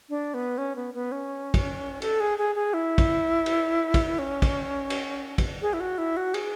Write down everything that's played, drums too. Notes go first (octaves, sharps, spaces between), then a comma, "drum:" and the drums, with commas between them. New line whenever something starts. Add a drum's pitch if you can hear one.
D4
B3
C#4
B3
B3
C#4
drum: kick, cymbal
A4, drum: cymbal
G#4
G#4
G#4
E4
drum: kick, cymbal
drum: cymbal
drum: kick, cymbal
C#4
drum: kick, cymbal
drum: cymbal
drum: kick, cymbal
G#4
E4
F#4
E4
F#4
G#4, drum: cymbal